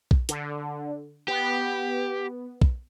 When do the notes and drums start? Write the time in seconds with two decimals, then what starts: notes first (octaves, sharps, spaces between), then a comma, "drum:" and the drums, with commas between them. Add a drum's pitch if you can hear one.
0.11 drum: kick
0.29 D3, drum: hi-hat
1.28 B3 G4
2.62 drum: kick